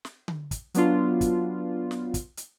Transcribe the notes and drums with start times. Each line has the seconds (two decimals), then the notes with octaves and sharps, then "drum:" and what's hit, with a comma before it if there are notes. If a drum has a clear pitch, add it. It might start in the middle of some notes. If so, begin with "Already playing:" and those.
0.05 drum: snare
0.28 drum: tom D3
0.51 drum: kick, hi-hat
0.74 F#3 B3 D4 F4, drum: hi-hat
1.21 drum: kick, hi-hat
1.91 drum: snare
2.14 drum: kick, hi-hat
2.37 drum: hi-hat